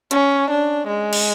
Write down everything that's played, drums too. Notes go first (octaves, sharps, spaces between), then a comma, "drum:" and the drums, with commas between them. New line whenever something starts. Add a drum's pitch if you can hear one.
C#4, drum: hi-hat
D4
G#3
drum: cymbal